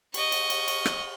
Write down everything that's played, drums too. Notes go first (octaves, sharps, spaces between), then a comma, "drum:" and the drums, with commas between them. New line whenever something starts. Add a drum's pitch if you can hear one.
D#5 C#6, drum: cymbal
drum: cymbal
drum: cymbal
drum: cymbal
drum: rim click